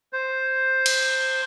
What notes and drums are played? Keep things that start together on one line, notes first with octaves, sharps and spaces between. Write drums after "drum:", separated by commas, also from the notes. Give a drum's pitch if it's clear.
C5
drum: cymbal